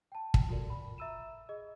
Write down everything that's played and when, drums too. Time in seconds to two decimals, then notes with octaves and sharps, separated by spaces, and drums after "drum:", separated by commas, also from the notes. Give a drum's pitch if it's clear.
0.12 G5 A5
0.34 drum: kick
0.48 F4 F#4 A4 A#4 D5
0.70 B5
0.98 E5 A#5 E6 D#7 E7
1.49 G#4 D#5